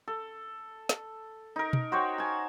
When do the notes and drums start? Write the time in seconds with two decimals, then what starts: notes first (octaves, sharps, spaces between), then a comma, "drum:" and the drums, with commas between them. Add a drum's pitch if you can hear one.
0.08 A4
0.89 drum: snare
1.56 D#4 A#4
1.73 drum: tom
1.92 F#4 C5 C#5 G5
2.18 G#5 A5